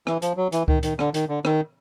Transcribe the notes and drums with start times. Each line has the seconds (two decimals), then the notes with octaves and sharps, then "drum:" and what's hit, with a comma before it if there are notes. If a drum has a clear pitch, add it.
0.07 E3, drum: rim click
0.22 F3, drum: hi-hat
0.37 F#3
0.52 E3, drum: hi-hat
0.68 D#3, drum: kick C#2
0.83 D#3, drum: hi-hat
0.99 D3, drum: rim click
1.14 D#3, drum: hi-hat
1.29 D3
1.45 D#3, drum: rim click